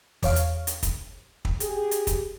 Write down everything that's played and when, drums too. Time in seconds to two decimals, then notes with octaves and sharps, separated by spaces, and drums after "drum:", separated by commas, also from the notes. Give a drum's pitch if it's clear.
0.23 E2 C#5 F5, drum: kick, open hi-hat
0.36 drum: hi-hat
0.67 drum: hi-hat
0.83 drum: kick, hi-hat
1.45 drum: kick
1.60 G4 G#4, drum: hi-hat
1.91 drum: hi-hat
2.07 drum: kick, hi-hat